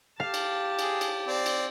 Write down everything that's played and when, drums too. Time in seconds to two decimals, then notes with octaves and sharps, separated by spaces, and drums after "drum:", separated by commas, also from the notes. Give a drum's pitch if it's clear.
0.20 G4 F5 A5
0.34 drum: cymbal
0.79 G#4, drum: cymbal
1.01 drum: cymbal
1.27 C4 D5
1.46 drum: cymbal